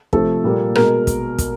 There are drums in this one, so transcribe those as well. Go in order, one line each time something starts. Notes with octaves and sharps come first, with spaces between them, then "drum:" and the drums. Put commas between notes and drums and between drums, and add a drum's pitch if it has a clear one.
C3 F3 A3 A4, drum: kick
A#2 G3 A#3
B2 G#3 A#4, drum: rim click
drum: kick, hi-hat
drum: kick, hi-hat